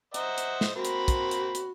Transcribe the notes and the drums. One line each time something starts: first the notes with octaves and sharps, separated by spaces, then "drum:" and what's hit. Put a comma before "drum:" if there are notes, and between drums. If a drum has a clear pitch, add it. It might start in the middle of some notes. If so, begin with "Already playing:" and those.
C5 D#5 E5 F#5 A#5, drum: hi-hat
drum: hi-hat
drum: snare
A#3 C4 F#4 B5
drum: hi-hat
drum: kick, hi-hat
drum: hi-hat
drum: hi-hat